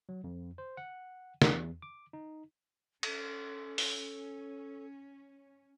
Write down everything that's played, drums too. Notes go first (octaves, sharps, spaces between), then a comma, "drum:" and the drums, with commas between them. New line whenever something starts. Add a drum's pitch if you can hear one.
F#3
F2
C5
F#5
E2, drum: snare
D6
D#4
C#4 A4, drum: cymbal
drum: open hi-hat